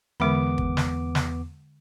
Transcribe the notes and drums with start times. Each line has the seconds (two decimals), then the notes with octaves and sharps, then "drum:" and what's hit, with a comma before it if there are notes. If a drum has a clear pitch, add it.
0.20 E2 D3 G#3 B3 B5 D6
0.58 drum: kick
0.77 drum: snare
1.15 drum: snare